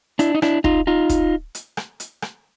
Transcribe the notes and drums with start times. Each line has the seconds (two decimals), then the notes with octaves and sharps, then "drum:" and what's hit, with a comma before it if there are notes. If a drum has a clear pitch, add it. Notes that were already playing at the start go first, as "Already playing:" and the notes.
0.19 D4 E4, drum: hi-hat
0.35 D#4
0.42 D4 E4, drum: rim click
0.64 D#4 F4, drum: kick
0.87 D#4 F4
1.09 drum: kick, hi-hat
1.55 drum: hi-hat
1.77 drum: rim click
2.00 drum: hi-hat
2.22 drum: rim click